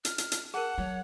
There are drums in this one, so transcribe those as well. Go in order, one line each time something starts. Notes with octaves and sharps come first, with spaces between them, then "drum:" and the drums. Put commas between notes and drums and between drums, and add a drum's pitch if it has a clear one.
F6, drum: hi-hat
drum: hi-hat
drum: hi-hat
G#4 A#4 F#5 A5
F#3 C#5